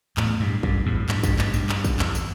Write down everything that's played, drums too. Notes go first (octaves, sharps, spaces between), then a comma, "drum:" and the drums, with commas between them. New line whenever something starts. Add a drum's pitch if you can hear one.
E2 A2, drum: clap
G2
G2, drum: kick
E2 A2
G2, drum: clap
G2, drum: kick, tambourine
G2, drum: clap
G2, drum: tambourine
drum: clap
drum: kick, tambourine
E2, drum: clap
drum: tambourine